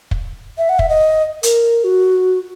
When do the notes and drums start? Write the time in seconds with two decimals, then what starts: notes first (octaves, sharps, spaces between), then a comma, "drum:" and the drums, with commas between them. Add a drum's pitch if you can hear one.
0.11 drum: kick
0.58 E5
0.69 F#5
0.79 E5, drum: kick
0.89 D#5
1.43 A#4, drum: hi-hat
1.84 F#4